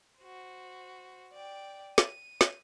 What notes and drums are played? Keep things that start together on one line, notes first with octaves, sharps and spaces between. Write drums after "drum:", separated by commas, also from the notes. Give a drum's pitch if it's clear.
F#4 C5
D5 G5
D#7, drum: snare
drum: snare